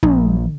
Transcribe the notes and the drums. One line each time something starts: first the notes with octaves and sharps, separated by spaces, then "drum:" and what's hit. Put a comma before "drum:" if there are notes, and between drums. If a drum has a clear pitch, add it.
A#1, drum: tom